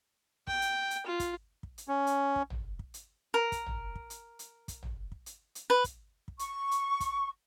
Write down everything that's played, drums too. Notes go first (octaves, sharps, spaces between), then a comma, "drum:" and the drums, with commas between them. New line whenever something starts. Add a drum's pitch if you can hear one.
G5, drum: kick
drum: hi-hat
drum: hi-hat
F4
drum: kick, hi-hat
drum: kick
drum: hi-hat
C#4
drum: hi-hat
drum: kick
drum: tom
drum: kick
drum: hi-hat
A#4
drum: kick, hi-hat
drum: tom
drum: kick
drum: hi-hat
drum: hi-hat
drum: kick, hi-hat
drum: tom
drum: kick
drum: hi-hat
drum: hi-hat
B4
drum: kick, hi-hat
drum: kick
C#6, drum: hi-hat
drum: hi-hat
drum: kick, hi-hat